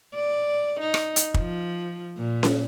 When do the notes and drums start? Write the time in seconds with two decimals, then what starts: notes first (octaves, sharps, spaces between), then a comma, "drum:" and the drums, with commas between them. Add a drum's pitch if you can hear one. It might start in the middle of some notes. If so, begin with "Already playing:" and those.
0.15 D5
0.80 D#4
0.94 drum: rim click
1.16 drum: hi-hat
1.34 F3, drum: kick
2.18 A#2
2.43 drum: snare C#4